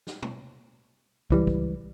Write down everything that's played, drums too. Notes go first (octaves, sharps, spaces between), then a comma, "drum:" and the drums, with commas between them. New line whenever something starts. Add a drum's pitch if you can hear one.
drum: snare
drum: tom B2
C#2 E3 G3, drum: kick
drum: kick